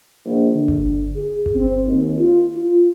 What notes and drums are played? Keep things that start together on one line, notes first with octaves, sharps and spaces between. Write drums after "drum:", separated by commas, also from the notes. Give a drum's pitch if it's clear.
A#1
D3
drum: kick G1
G#4
drum: kick G1
C4
D#2
F4
F4